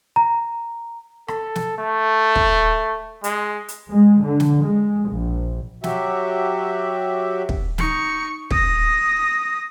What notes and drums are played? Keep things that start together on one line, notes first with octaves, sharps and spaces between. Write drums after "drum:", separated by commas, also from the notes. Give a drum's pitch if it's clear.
A#5
A4, drum: rim click
drum: snare
A3
drum: kick
G#3, drum: hi-hat
drum: hi-hat
G#3
D3
drum: snare
G#3
A#1
F#3 F#4 G4 E5, drum: snare
drum: kick
D#4 C#6, drum: snare
D#6 A#6, drum: kick